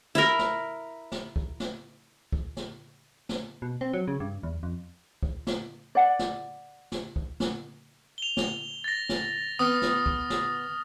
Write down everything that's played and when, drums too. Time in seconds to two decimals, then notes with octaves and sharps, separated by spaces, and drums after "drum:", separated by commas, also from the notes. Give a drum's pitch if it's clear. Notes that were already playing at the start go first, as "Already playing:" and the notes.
0.15 E4 A#4
0.39 drum: snare
1.12 drum: snare
1.36 drum: kick
1.60 drum: snare
2.32 drum: kick
2.57 drum: snare
3.29 drum: snare
3.62 B2
3.81 C4
3.93 F#3
4.08 C#3
4.20 G2
4.43 E2
4.63 F2
5.23 drum: kick
5.47 drum: snare
5.95 D5 F#5
6.19 drum: snare
6.92 drum: snare
7.16 drum: kick
7.40 drum: snare
8.18 F7 G7
8.37 drum: snare
8.84 A6 A#6
9.09 drum: snare
9.59 B3 D#6 F6
9.82 drum: snare
10.06 drum: kick
10.30 drum: snare